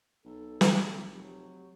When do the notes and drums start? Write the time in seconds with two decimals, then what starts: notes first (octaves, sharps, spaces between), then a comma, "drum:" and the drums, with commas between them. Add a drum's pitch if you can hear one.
0.25 B1 A4
0.61 drum: snare
0.95 F1
1.15 F#3 G4